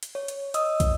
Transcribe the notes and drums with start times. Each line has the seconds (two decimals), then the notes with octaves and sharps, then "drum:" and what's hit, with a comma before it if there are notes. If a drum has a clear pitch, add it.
0.03 drum: hi-hat
0.15 C#5
0.28 drum: hi-hat
0.54 D#5 D#6 E6, drum: hi-hat
0.80 drum: kick, hi-hat